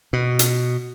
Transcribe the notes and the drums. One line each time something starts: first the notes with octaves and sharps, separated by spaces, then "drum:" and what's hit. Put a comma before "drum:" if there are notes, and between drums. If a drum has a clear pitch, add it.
B2
drum: hi-hat